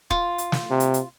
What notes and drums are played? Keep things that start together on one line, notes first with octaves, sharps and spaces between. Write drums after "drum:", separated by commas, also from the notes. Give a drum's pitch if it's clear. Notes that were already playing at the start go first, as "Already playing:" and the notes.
F4, drum: kick
drum: hi-hat
drum: snare
C3
drum: hi-hat
drum: hi-hat